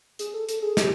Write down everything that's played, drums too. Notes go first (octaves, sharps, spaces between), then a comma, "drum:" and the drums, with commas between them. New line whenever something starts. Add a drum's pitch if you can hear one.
G#4, drum: hi-hat
A4
A4, drum: hi-hat
G#4
G4, drum: snare